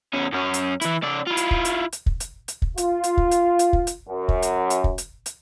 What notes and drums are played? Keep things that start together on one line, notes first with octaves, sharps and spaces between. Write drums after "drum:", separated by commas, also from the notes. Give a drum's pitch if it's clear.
E2 C#4
F#2 C#4
drum: hi-hat
E3 E4, drum: hi-hat
C#3 D5
E4 F4
drum: hi-hat
drum: kick
drum: hi-hat
drum: hi-hat
drum: kick
drum: hi-hat
drum: hi-hat
drum: kick
F4, drum: hi-hat
drum: hi-hat
drum: kick
drum: hi-hat
drum: hi-hat
drum: kick
drum: hi-hat
F#2
drum: kick
drum: hi-hat
drum: hi-hat
drum: kick
drum: hi-hat
drum: hi-hat